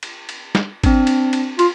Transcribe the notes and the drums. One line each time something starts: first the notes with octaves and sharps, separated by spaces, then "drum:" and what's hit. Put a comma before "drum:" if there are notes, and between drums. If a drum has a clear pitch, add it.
drum: cymbal
drum: cymbal
drum: snare
C4 D4, drum: kick, cymbal
drum: cymbal
drum: cymbal
F4, drum: cymbal